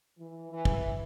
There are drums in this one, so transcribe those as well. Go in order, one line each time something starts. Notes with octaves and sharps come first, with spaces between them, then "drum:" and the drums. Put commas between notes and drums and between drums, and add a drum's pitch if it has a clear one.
E3
E3
drum: kick